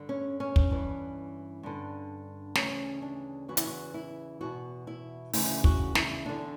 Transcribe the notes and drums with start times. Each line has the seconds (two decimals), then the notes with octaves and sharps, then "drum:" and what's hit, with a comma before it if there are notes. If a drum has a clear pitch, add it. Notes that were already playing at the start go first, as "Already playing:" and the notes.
Already playing: G2 D3
0.09 C#4
0.40 C#4
0.56 drum: kick
0.71 G2 E3
1.63 G2 D3
2.55 D2 C#3 E3 C#4, drum: snare
3.02 D4
3.48 E2 C#3 E3 F#4
3.57 E4, drum: hi-hat
3.67 F#4
3.94 E4
4.40 E2 B2 F#4
4.87 E4
5.33 D2 C#3 E3 E4, drum: open hi-hat
5.64 F#4, drum: kick
5.95 E4, drum: snare
6.26 E2 D3 D4